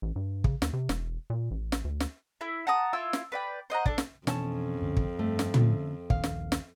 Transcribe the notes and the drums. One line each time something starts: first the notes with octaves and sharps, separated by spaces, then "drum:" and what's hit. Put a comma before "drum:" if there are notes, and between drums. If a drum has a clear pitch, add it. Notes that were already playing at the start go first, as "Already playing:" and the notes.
A1
G2
C#3, drum: kick
D#2, drum: snare
C3
E1, drum: snare
A#2
A1
drum: snare
D2
drum: snare
E4 E5
F#5 A5 A#5 D#6
E4 F4 E6
drum: snare
B4 D5 G5
C5 D#5 F#5 A#5
D4 A4, drum: kick
drum: snare
F2 B2 E3 C#4 D4 A5, drum: snare
C#2 F#2 D3
drum: kick
G2 A3
drum: snare
D3 C#4, drum: tom
D#1 A#1 D#3 F5, drum: kick
drum: snare
drum: snare